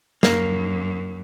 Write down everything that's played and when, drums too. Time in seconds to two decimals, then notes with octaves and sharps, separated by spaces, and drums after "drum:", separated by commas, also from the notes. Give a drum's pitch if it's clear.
0.23 F#2 A#3, drum: snare